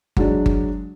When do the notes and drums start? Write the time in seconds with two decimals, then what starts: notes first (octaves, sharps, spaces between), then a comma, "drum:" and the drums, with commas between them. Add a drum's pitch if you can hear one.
0.17 F#3 G#3 D4, drum: kick G1
0.46 drum: kick G1